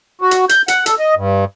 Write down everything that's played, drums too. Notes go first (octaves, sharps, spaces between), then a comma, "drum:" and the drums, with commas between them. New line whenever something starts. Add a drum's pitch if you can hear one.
F#4
drum: hi-hat
G6, drum: hi-hat
F#5, drum: hi-hat
A4, drum: hi-hat
D#5
G2